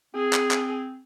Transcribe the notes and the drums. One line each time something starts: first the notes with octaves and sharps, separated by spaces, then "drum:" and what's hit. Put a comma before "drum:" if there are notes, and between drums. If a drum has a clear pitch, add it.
C4 G#4
drum: clap
drum: clap